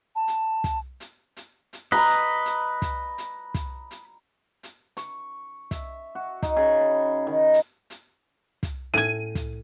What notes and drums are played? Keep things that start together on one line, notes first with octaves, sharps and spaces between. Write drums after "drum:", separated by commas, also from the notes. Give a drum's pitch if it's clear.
A5
drum: hi-hat
drum: kick, hi-hat
drum: hi-hat
drum: hi-hat
drum: hi-hat
B4 D#5 A#5 B5
drum: hi-hat
drum: hi-hat
drum: kick, hi-hat
drum: hi-hat
drum: kick, hi-hat
drum: hi-hat
drum: hi-hat
C#6, drum: hi-hat
E5, drum: kick, hi-hat
F#4
D#4, drum: kick, hi-hat
C#3
B5
D#3
drum: hi-hat
drum: hi-hat
drum: kick, hi-hat
A2 G#5 D#7
drum: kick, hi-hat